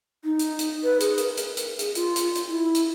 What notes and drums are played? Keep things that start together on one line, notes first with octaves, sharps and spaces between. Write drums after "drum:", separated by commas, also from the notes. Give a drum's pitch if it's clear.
D#4
drum: hi-hat
drum: hi-hat
B4
G#4, drum: hi-hat
A#4, drum: hi-hat
drum: hi-hat
drum: hi-hat
G#4, drum: hi-hat
F4, drum: hi-hat
drum: hi-hat
drum: hi-hat
E4
drum: hi-hat